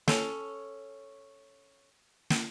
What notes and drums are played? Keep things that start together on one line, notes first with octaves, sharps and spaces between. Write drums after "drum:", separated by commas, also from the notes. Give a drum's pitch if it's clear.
C#4 A4, drum: snare
drum: snare